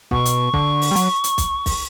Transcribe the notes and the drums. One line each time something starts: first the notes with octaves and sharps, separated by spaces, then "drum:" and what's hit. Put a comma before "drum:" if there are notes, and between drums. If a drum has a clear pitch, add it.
B2 C#6, drum: kick
drum: hi-hat
D3, drum: kick
drum: open hi-hat
G3
F#3, drum: hi-hat
drum: hi-hat
drum: kick, hi-hat
drum: kick, open hi-hat